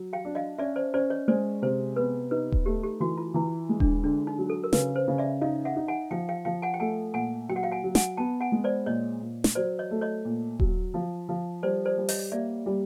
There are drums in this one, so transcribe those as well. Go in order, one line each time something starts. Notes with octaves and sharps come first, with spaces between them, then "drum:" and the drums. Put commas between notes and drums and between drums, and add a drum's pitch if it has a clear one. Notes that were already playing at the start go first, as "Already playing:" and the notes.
Already playing: F#3
F5 G5
D4
D#5 F5
C#4 D5 E5
C5 D5
C#4 C5 D5
C#5 D#5
G#3 C5 D5
C3 C5
B3 B4
D#4 B4
drum: kick D#1
A3 G4
G4
E3 F#4
F4
E3 E4
G#3
D4, drum: kick D#1
D3 D4
D#4
F#3
A4
A#4
C#3 B4, drum: snare
C5
C#3
D5 E5
D#4 D#5 F5
E5 F#5
D#4
F#5 G#5
F3 F5 G5
F5 G5
F3 F5 G5
F#5 G#5
G5
A3 F#5 G#5
A#2 F#5 G#5
F#3 G5
F#5
F5 G5
F#5 G#5
F#3
F#5 G#5, drum: snare
B3 G5 A5
F#5 G#5
G#3
C5 D5
A#2 C#5 D#5
A#2
drum: snare
F#3 C5 D5
C#5 D#5
A3
C#5 D#5
A#2
F#3, drum: kick D#1
F3
F3
G3 C5 D5
C5 D5
G3
C#5 D#5, drum: open hi-hat
A#3 D5 E5
G3